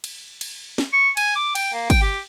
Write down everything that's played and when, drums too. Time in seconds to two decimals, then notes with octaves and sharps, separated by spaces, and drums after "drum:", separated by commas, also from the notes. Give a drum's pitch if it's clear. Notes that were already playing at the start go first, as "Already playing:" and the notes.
0.04 drum: cymbal
0.41 drum: cymbal
0.78 drum: snare
0.93 C#6
1.17 G#5, drum: cymbal
1.36 D6
1.55 G5, drum: cymbal
1.73 A#3
1.90 G5, drum: kick, cymbal
2.02 G4